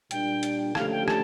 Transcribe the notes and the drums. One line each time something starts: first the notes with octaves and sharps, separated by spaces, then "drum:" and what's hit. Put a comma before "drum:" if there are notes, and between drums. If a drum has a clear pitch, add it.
A#2 G3 D4 G5, drum: hi-hat
drum: hi-hat
D3 F3 A3 C#4 G4 F5, drum: rim click
G5
A5, drum: rim click